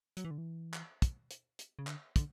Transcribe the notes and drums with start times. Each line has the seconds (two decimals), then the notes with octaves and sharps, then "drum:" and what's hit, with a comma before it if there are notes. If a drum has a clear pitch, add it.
0.17 F#3, drum: hi-hat
0.25 E3
0.31 D3
0.38 E3
0.74 drum: clap
1.02 drum: kick, hi-hat
1.31 drum: hi-hat
1.59 drum: hi-hat
1.79 C#3
1.87 D3, drum: clap
2.16 D3, drum: kick, hi-hat